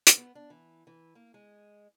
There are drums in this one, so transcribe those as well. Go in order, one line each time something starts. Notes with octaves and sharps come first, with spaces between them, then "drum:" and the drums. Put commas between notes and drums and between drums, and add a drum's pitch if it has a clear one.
drum: hi-hat
B3
D4
E3
E3
A#3
G#3